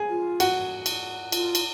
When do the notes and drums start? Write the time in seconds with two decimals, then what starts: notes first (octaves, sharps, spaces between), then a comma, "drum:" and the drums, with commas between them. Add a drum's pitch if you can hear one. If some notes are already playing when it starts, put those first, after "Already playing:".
Already playing: G#4 G#5
0.09 F4
0.40 F#4 F#5, drum: cymbal
0.86 drum: cymbal
1.32 F4, drum: cymbal
1.55 drum: cymbal